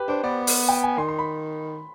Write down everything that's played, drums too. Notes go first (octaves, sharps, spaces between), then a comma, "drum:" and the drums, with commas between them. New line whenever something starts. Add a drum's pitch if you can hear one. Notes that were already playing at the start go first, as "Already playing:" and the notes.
Already playing: G4 B4
D4 C5
B3 D5
drum: open hi-hat
G5
G#5
D#3 C6
C6
B5